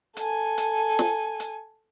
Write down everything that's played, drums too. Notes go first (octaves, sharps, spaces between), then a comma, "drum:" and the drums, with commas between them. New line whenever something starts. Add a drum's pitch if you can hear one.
A4 G#5, drum: hi-hat
drum: hi-hat
drum: snare
drum: hi-hat